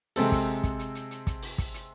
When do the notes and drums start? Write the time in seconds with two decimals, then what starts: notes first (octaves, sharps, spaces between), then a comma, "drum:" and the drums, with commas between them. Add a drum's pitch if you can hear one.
0.16 C3 G#3 C4 A4, drum: open hi-hat
0.32 drum: kick, hi-hat
0.63 drum: kick, hi-hat
0.79 drum: hi-hat
0.95 drum: hi-hat
1.11 drum: hi-hat
1.27 drum: kick, hi-hat
1.43 drum: open hi-hat
1.58 drum: kick, hi-hat
1.74 drum: hi-hat